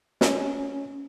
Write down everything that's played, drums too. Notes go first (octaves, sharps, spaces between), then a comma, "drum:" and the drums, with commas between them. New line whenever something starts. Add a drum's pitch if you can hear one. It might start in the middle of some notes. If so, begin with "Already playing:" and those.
C#4, drum: snare